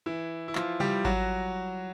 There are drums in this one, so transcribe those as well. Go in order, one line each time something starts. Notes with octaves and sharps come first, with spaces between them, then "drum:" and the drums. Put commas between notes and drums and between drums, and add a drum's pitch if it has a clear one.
E3 E4
E4
F3 F4, drum: clap
G3 G4, drum: tom C3
F#3 F#4, drum: kick G#1